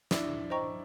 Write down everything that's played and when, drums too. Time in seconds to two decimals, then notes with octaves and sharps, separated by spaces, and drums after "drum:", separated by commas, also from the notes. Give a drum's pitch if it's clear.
0.11 D4 E4, drum: snare
0.50 C5 D#5 G5 A#5 C#6